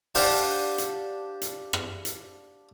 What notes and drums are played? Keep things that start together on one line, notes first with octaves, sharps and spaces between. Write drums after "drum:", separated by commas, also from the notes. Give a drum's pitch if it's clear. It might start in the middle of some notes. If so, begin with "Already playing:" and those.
D4 G4 C5 F5 F#5 A5, drum: open hi-hat
drum: hi-hat
drum: hi-hat
drum: rim click
drum: hi-hat